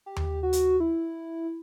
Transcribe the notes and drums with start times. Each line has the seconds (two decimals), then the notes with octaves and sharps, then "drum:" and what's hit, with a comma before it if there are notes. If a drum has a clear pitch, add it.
0.06 G4
0.17 drum: tom D#2
0.43 F#4
0.53 drum: hi-hat
0.80 E4